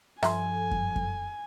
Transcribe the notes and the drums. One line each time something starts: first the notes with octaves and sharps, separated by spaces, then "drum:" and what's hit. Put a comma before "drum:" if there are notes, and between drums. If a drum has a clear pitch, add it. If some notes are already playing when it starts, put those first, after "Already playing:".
G2 F3 A4 E5 G#5 A#5 C6, drum: rim click
drum: kick F#2
drum: kick F#2